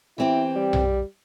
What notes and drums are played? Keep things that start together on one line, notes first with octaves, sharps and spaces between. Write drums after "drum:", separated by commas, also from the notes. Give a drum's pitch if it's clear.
E3 C4 E4 G4
G3
drum: tom B1